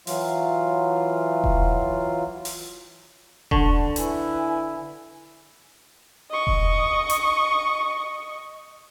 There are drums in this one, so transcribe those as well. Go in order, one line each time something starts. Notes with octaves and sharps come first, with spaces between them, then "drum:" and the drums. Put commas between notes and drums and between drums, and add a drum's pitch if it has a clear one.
E3 F#3 F4, drum: open hi-hat
drum: kick E1
drum: open hi-hat
D3 F#5 A5 C#6, drum: kick E1
E4 B4 G#5, drum: hi-hat
D#5 C#6
drum: kick E1
drum: hi-hat